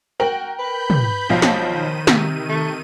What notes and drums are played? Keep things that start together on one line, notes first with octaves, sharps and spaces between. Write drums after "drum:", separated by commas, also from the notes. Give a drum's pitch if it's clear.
F#4 A#4 G5 F#7
B4 B5 G6
drum: tom
B1 F3 C5 F5
drum: snare
D#3 D#7
C3, drum: snare
A3